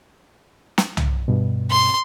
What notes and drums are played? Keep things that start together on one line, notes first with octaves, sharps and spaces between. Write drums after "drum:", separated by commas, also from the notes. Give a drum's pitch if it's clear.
drum: snare
drum: tom C2
G2 B2
C6